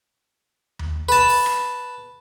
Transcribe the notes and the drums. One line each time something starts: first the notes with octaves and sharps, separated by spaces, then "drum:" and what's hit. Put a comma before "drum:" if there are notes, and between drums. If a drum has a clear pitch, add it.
drum: tom D#2
B4 A5
drum: open hi-hat
drum: rim click